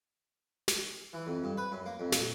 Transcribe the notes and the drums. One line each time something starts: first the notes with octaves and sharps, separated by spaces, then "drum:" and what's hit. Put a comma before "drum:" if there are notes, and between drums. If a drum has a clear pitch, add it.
drum: snare
E3
F2
G2
B4
F#2
A#3
F2
A#2, drum: snare